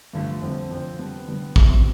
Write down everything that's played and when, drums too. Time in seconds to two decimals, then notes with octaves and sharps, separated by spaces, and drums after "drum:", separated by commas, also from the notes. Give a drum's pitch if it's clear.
0.13 G2 D3 F3 A3
0.42 F2 D3 F3 C4
0.70 F2 D3 F3 C4
0.99 D3 G3 B3
1.28 D3 G3 B3
1.56 C3 F3 B3, drum: kick A1